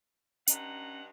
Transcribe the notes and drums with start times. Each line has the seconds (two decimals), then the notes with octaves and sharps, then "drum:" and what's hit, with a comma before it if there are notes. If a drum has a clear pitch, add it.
0.47 G2 C#4 D#4 F#5 A#5, drum: hi-hat